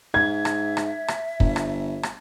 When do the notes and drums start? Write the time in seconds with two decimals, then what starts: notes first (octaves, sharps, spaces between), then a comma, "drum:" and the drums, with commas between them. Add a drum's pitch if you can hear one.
0.14 G#2 E5 G#6
0.45 drum: rim click
0.77 drum: rim click
1.08 drum: rim click
1.40 G1, drum: kick
1.56 drum: rim click
2.03 drum: rim click